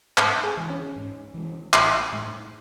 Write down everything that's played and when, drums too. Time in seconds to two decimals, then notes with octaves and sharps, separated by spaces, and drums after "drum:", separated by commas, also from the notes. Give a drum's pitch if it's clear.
0.18 G#2, drum: clap
0.43 G#4
0.57 E3 G#3
0.70 C#4
0.96 G#2
1.34 E3 G#3
1.73 A1, drum: clap
2.13 A2 G#3